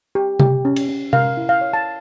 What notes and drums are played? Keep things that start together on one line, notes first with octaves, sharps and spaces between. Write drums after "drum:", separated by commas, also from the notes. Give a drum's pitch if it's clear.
G4
G4, drum: tom C3
C#4
drum: cymbal
C#4
A#4 F5, drum: tom C3
E4
F5
C#5
A5